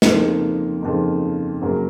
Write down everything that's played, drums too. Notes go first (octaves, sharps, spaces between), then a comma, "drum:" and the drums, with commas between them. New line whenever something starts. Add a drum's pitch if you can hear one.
F2 C#3 F3 A#3 D#4, drum: snare
F2 C#3 F3 A#3 D#4
F#2 C#3 F#3 A#3